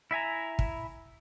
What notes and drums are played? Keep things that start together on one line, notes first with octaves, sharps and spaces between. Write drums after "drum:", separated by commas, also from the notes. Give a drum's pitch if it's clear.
E4 E5 G#5 A#5
drum: kick